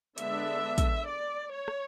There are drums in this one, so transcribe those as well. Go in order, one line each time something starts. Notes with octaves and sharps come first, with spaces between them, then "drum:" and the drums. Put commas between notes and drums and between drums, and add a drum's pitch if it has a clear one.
D3 G#3 B3 D4 E5, drum: hi-hat
drum: kick, hi-hat
D5
C#5
drum: rim click